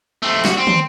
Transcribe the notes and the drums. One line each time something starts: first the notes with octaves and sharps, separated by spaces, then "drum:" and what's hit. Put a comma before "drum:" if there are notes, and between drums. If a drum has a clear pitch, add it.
A3 C4
F#4, drum: snare
C4
drum: tom